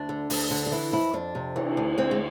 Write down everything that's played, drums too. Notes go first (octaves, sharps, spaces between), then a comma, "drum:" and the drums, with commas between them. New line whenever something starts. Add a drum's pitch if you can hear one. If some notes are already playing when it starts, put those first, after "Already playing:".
Already playing: D2 D4
D3
D2, drum: open hi-hat
D3
D4
E3 E4
F2 E4
F2 D4
C3
E3, drum: cymbal
D2
D2 C4
G#3